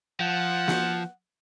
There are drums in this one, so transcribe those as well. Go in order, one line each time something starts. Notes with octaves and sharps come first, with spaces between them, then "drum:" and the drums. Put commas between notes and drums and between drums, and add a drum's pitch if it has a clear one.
F3 F#5
drum: snare